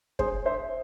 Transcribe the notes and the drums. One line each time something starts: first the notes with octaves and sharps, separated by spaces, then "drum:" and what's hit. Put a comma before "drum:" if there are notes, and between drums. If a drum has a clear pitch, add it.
G#4 C5, drum: kick
C5 E5